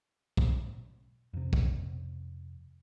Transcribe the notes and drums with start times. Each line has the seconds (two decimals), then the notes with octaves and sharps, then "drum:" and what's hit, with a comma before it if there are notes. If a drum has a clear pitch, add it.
0.37 drum: kick
1.34 F2 C3
1.53 drum: kick